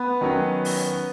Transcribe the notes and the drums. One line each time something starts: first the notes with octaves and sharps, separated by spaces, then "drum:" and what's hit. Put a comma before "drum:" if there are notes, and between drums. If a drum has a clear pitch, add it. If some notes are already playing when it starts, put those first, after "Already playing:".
Already playing: B3 B4
D#3 F#3 C#4
drum: open hi-hat